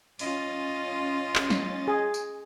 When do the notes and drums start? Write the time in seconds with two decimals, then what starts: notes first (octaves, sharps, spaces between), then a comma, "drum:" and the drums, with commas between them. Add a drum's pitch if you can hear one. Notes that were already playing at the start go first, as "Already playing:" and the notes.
0.19 C#4 F4 D#5 A6, drum: open hi-hat
1.36 drum: clap
1.50 drum: snare
1.88 G#4
2.14 drum: tambourine